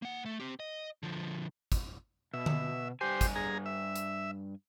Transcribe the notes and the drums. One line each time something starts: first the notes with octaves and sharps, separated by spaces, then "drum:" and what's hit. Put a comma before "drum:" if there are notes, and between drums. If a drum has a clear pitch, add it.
A#3 F#5
A3
C4 G4
D#5
D3 F3
drum: kick, hi-hat
B2 E5
drum: tom D3
G2 G4 C5 G#5
drum: kick, hi-hat
G#4 A#5
E5
drum: hi-hat